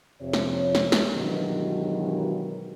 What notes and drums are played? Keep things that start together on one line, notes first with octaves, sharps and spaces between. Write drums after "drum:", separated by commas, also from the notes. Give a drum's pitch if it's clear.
F2 C3 F3 C#5
drum: snare
drum: snare
drum: snare
G2 B2 D#3 E3 F#3 G#3